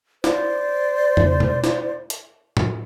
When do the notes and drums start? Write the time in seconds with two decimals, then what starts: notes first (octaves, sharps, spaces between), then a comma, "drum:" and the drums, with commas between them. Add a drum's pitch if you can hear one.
0.24 C5 D5, drum: snare
1.17 drum: tom E2
1.40 drum: tom B2
1.64 drum: snare
2.10 drum: hi-hat
2.57 drum: tom A2